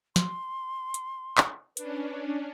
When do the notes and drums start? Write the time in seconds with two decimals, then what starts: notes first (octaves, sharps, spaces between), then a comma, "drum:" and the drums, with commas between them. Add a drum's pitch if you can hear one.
0.16 C6, drum: snare
0.94 drum: hi-hat
1.38 drum: clap
1.77 C#4 D4 B4, drum: hi-hat